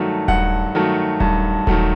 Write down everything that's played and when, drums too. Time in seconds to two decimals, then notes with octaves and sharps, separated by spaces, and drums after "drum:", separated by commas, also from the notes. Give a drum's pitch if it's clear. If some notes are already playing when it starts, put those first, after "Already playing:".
Already playing: G2 D#3 F#3 A3
0.28 G2 F#5, drum: kick D#1
0.75 D#3 F#3 A3
1.20 G2, drum: kick D#1
1.67 D#3 F#3 A3, drum: kick D#1